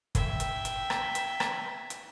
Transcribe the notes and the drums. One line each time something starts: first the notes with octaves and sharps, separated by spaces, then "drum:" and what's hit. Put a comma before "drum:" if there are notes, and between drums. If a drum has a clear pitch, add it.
E5 G5, drum: kick, hi-hat
drum: hi-hat
drum: hi-hat
drum: rim click
drum: hi-hat
drum: rim click
drum: hi-hat